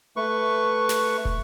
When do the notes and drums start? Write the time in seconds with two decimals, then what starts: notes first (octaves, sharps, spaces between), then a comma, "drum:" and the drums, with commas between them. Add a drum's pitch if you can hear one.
0.16 A3 B4 C#6
0.89 drum: snare
1.25 drum: kick